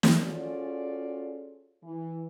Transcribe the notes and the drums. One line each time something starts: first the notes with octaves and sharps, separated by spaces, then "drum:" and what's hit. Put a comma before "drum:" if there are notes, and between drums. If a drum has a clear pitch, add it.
drum: snare
C#4 F4 F#4 G#4 A4 D5
E3